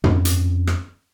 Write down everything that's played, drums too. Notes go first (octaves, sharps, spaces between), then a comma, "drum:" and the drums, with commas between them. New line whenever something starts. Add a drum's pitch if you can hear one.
F2 C#4, drum: tom
drum: hi-hat
drum: rim click